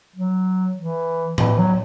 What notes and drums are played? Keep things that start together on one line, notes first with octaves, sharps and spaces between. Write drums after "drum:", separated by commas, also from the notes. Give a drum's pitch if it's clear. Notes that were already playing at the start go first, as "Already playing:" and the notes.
F#3
E3
E3, drum: tom A2
F#3